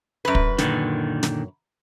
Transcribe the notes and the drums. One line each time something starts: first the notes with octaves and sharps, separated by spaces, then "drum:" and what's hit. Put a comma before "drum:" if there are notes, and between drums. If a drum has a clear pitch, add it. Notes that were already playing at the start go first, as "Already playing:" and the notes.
F#2 B4
drum: kick
A#2 D3 D#3, drum: snare
drum: snare